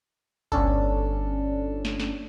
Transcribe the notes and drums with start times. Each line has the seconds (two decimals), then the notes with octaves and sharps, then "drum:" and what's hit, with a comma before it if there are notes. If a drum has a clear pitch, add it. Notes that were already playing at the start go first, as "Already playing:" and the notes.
0.52 G1 C#4 D4 A4, drum: kick C2
1.85 drum: snare
2.00 drum: snare